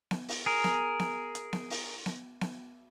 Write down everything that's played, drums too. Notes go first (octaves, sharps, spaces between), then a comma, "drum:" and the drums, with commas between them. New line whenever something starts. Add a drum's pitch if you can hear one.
drum: snare B3
drum: open hi-hat
G#4 A#4
drum: snare B3
drum: snare B3
drum: hi-hat
drum: snare B3
drum: open hi-hat
drum: snare B3
drum: snare B3